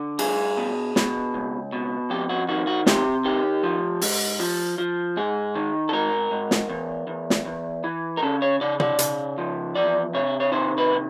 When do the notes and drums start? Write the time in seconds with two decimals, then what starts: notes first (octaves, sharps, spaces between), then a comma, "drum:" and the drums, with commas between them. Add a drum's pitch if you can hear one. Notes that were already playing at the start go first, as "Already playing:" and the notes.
Already playing: D3
0.19 G2 G#4, drum: cymbal
0.57 B2
0.96 B2, drum: snare
1.34 C#2
1.73 B2
2.10 F2 G4
2.29 F#4
2.49 D#3 F#4
2.67 F#4
2.86 C3 G4, drum: snare
3.24 D#3 G4
3.64 F3
4.01 G#2, drum: open hi-hat
4.40 F3
4.78 F3
5.17 G#2 G#4
5.55 D#3
5.89 A4
5.93 G#2 A#4
6.31 G#2
6.51 drum: snare
6.69 E2
7.07 E2
7.30 drum: snare
7.45 E2
7.84 E3
8.17 A#4
8.23 C#3 A4
8.42 C#5
8.61 C#3 D5
8.80 D5, drum: tom
8.99 C#3, drum: hi-hat
9.38 F3
9.75 E2 D5
10.14 C3 C#5
10.40 C#5
10.52 D#3 C5
10.78 B4
10.91 C3